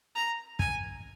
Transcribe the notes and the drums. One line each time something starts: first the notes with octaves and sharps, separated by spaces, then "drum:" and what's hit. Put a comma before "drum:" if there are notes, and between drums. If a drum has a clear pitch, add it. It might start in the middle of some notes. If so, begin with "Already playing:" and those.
A#5
G#5, drum: kick